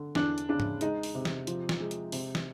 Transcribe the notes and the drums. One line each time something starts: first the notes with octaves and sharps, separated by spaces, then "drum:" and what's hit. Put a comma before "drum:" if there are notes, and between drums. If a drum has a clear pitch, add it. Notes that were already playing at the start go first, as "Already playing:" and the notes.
Already playing: D3
E2 D4, drum: snare
drum: hi-hat
C#3 D4
drum: tom G#2
G#3 D#4, drum: hi-hat
drum: open hi-hat
C3
drum: snare
F3, drum: hi-hat
drum: snare
G#3
drum: hi-hat
C3, drum: open hi-hat
drum: snare